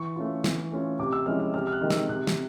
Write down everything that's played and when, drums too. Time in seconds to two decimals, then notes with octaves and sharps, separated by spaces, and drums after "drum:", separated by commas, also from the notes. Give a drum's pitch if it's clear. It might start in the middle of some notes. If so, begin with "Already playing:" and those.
Already playing: E3 C#6
0.16 A3 C#4 F4
0.44 E3, drum: snare
0.72 A3 C#4 F4
0.99 C3 D6
1.13 E6
1.26 F3 G#3 C#4 E4 F6
1.40 F6
1.54 C3 F6
1.67 F6
1.72 F#6
1.81 D#3 G#3
1.90 E6, drum: snare
2.09 C3 F#6
2.27 drum: snare